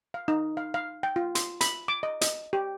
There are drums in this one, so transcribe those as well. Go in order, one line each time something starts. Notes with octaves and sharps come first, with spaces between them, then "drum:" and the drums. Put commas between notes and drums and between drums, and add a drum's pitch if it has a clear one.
F5
D#4
F5
F5
G5
F4
C6, drum: hi-hat
B5, drum: hi-hat
D6
D#5
D#5, drum: hi-hat
G4